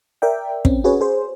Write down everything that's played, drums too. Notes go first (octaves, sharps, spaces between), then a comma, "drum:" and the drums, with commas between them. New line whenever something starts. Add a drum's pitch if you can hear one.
A#4 D5 E5 G5
C4 C#4, drum: kick
C#4 F#4 G#4 B4 C#5
G#4 C5